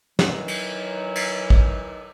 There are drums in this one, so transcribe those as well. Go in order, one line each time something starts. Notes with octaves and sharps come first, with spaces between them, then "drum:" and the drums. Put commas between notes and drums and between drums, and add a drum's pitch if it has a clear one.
D#3 E3 F#3, drum: snare
drum: cymbal
drum: cymbal
drum: kick